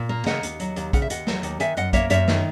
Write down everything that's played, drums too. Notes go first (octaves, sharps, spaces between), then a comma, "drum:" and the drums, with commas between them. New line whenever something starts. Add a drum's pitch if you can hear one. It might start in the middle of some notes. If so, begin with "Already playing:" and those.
Already playing: A#2
A#3
C#3 D#5 F#5, drum: snare
D#2, drum: hi-hat
F#3, drum: hi-hat
D#2, drum: hi-hat
C#3 F#5, drum: kick, hi-hat
E5
D#2 D#5 F#5, drum: hi-hat
F#3, drum: snare
D#2, drum: hi-hat
D#3 E5 G#5, drum: hi-hat
F#2 D#5 F#5, drum: hi-hat
A#3 C#5 E5, drum: kick, hi-hat
F#2 C#5 E5, drum: hi-hat
D#3, drum: snare